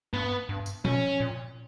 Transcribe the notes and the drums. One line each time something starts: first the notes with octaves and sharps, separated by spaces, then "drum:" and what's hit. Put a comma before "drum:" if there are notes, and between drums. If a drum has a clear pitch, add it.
G2 B3
G2
drum: tambourine
B2 C#4, drum: tom F3
A#2